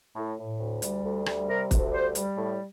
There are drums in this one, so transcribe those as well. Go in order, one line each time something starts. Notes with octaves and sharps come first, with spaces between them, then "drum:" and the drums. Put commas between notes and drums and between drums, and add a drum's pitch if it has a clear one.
A2
A2
D2
G3, drum: hi-hat
D2
G3, drum: rim click
C3 A#4
D2, drum: kick, hi-hat
G3 C5
G3, drum: hi-hat
A2